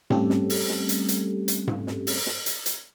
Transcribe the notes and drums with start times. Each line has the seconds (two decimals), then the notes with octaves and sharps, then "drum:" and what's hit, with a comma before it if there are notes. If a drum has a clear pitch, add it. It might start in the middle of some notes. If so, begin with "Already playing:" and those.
0.10 G3 A3 C4 C#4 G4 A4, drum: tom G#2
0.30 drum: snare
0.50 drum: open hi-hat
0.69 drum: snare
0.89 drum: hi-hat
1.09 drum: hi-hat
1.48 drum: hi-hat
1.67 drum: tom G#2
1.87 drum: snare
2.07 drum: open hi-hat
2.26 drum: snare
2.46 drum: hi-hat
2.66 drum: hi-hat